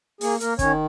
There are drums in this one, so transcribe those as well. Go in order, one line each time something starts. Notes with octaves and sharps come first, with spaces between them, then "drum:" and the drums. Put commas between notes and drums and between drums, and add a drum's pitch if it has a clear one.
A#3 G#4, drum: open hi-hat
A#3 A#4, drum: hi-hat
D#3 C#4 C#5, drum: kick, hi-hat